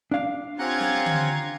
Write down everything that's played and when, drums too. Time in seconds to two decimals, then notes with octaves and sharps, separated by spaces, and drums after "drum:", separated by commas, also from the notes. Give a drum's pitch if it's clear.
0.11 D4 F5
0.59 C4 C#4 F4 G4 F#5 A#5 F#6 G#6
0.80 drum: snare
1.06 drum: tom D3